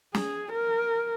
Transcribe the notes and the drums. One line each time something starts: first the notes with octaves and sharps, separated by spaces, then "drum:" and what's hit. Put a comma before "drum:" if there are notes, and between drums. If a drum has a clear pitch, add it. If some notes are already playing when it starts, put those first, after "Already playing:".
G#4, drum: snare
A#4